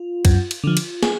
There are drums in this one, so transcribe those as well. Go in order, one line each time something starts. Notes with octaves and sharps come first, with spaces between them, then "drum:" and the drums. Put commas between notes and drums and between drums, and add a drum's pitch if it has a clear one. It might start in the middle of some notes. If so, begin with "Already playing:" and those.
Already playing: F4
F#2, drum: kick C#2, cymbal
drum: cymbal
D3 F3
drum: cymbal
G#4, drum: snare